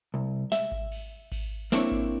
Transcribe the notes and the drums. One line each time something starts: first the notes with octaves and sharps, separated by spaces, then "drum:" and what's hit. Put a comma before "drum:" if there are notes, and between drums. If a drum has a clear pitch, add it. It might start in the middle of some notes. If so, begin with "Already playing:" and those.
C2
E5, drum: snare
drum: kick G#1
drum: cymbal
drum: kick G#1, cymbal
A#3 C4 D4 E4 C#5, drum: snare
drum: kick G#1